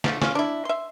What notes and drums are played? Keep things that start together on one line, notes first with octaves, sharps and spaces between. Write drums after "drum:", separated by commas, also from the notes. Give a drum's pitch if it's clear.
D3 F3 A3, drum: snare
C#4 F4, drum: snare
D4 E4
E5 C6